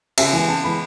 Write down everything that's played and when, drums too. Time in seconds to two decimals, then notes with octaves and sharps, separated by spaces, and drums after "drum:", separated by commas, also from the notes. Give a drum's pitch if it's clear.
0.18 C#3 E5, drum: cymbal
0.33 E3 G#3 B3 G#5
0.48 C#3 A5
0.63 E3 G#3 B3 B5